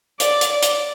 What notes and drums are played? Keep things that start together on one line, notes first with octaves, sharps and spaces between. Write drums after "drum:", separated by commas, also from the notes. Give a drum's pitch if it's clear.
D5, drum: hi-hat
drum: hi-hat
D5
drum: hi-hat